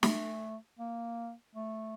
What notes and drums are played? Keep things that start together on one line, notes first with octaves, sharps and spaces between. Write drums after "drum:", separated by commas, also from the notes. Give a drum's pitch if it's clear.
A3, drum: snare
A#3
A3